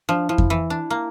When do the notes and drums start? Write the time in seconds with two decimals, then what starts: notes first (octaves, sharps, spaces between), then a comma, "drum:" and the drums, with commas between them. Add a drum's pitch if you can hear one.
0.09 F3 D4
0.29 F3 E4
0.38 drum: kick F2
0.50 E3
0.70 D4
0.90 A#3